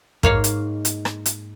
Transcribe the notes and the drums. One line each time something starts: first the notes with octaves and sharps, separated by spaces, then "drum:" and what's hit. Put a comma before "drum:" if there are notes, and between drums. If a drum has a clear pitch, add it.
G#2 A#3 C#5 F5, drum: kick
drum: hi-hat
drum: hi-hat
drum: rim click
drum: hi-hat